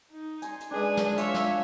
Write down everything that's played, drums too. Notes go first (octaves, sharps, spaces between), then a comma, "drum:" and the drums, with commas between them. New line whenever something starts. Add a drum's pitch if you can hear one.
D#4
G#5 C6, drum: hi-hat
drum: hi-hat
G#3 D4 G#4 B4
drum: snare
F4 C#5 E5 G#5 D6, drum: hi-hat
drum: snare